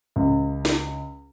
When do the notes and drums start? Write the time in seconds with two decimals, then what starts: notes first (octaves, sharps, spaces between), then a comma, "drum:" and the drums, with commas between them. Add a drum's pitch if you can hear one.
0.16 C#2
0.65 drum: snare